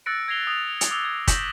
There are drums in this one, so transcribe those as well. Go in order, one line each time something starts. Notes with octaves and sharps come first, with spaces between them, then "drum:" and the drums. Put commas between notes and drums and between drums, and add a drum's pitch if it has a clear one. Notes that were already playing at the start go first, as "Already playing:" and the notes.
E6 F#6 A6 A#6 C#7 D7
G#6 A#6 C7 F7 G7
D#6 F7
drum: hi-hat
D6 E6 F7 G7
G#6
C#6 G6 A#6 B6 E7 F#7, drum: kick, hi-hat